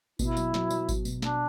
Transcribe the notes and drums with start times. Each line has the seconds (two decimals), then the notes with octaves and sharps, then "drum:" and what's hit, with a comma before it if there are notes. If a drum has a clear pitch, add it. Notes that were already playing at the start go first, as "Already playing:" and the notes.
0.19 B2 E4, drum: kick G#1, tambourine
0.37 F#3, drum: tambourine
0.54 F#3, drum: snare
0.71 F#3, drum: tambourine
0.89 F#3, drum: kick G#1, tambourine
1.05 B2, drum: tambourine
1.22 B2 D4, drum: snare